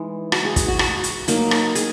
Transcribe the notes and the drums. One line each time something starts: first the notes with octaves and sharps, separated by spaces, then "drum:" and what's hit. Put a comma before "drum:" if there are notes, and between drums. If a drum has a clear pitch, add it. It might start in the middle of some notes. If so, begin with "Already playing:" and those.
Already playing: E3 G#3 D#4
F#4, drum: rim click
G#4
F#4, drum: kick, hi-hat
F#4
F#4, drum: rim click
drum: hi-hat
F#3 A#3 D#4, drum: hi-hat
drum: rim click
G#4, drum: hi-hat